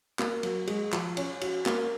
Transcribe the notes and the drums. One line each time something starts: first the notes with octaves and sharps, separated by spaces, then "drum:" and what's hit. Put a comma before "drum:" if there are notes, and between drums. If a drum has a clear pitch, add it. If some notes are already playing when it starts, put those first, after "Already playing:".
A#3, drum: clap
F#3, drum: cymbal
G#3, drum: cymbal
F3, drum: clap
C#4, drum: cymbal
F#4, drum: cymbal
A#3, drum: clap